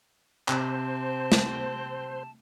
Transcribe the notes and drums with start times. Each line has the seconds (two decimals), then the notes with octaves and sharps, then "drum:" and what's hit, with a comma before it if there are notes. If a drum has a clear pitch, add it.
0.48 C3 C4 C5 A5, drum: clap
1.32 drum: snare